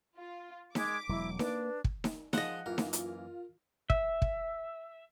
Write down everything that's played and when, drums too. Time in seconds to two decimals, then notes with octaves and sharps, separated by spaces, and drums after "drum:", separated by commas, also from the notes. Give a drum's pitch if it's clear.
0.17 F4
0.75 G#3 D6 B6, drum: snare D#4
1.09 E1 F#3 G#3 E4
1.39 A#3 D4 B4, drum: snare D#4
1.84 drum: kick
2.04 drum: snare D#4
2.33 F3 G#3 D#5 F#5 A5, drum: snare D#4
2.66 F#2 E3 A#3 F4 A#4
2.78 drum: snare D#4
2.93 drum: hi-hat
3.90 E5, drum: kick
4.22 drum: kick